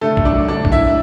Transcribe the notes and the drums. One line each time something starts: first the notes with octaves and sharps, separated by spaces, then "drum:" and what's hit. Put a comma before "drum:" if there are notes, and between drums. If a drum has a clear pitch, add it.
D3 A3 A4
E1, drum: kick A#1
D4 D5
F#3
D2 D4 D5
D3, drum: kick A#1
E4 E5